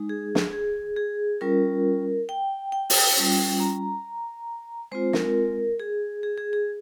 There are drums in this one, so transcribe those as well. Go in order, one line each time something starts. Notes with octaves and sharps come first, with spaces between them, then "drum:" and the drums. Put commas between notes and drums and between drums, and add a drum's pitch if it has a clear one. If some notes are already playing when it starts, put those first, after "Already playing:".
Already playing: G#3 D#4
G#4
drum: snare
G#4
G#4
G3 C#4 F4 A#4
G5
G5
drum: open hi-hat
G3 C#4 F4
A#5
G#3 C4 F4 C5
A#4, drum: snare
G#4
G#4
G#4
G#4